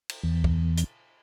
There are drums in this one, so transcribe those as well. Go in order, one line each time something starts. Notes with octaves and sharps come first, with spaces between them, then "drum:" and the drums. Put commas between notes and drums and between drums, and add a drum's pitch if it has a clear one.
drum: cymbal
E2
drum: kick
drum: hi-hat